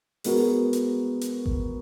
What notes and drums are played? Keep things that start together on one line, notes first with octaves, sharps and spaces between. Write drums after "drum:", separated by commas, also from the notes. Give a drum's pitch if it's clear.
G#3 B3 F#4 A#4, drum: open hi-hat
drum: hi-hat
drum: hi-hat
drum: kick G#1